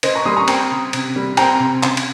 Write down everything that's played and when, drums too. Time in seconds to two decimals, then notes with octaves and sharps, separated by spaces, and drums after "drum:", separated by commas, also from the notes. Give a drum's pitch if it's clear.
0.03 C#3 C5 D#5, drum: cymbal
0.15 A#5 C#6
0.25 G3 C6 D#6
0.36 A#5 C#6
0.48 C4 G5 A#5, drum: cymbal
0.71 C#3
0.93 C3, drum: cymbal
1.16 G3
1.37 C4 G5 A#5, drum: cymbal
1.60 C3
1.83 C#3, drum: clap
1.97 drum: cymbal